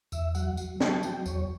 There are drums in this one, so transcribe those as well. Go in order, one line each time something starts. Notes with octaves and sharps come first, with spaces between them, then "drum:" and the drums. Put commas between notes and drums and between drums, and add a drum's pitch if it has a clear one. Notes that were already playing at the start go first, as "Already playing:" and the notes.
E2 E5, drum: tambourine
F#3 F#5, drum: tambourine
F#3, drum: tambourine
F#3 A5, drum: snare
F#3 G5, drum: tambourine
E2 C#5, drum: tambourine